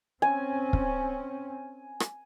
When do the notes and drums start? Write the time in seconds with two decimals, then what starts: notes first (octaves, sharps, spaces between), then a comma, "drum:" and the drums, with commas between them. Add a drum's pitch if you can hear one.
0.22 C4 C#4 G#5
0.73 drum: kick
2.00 drum: rim click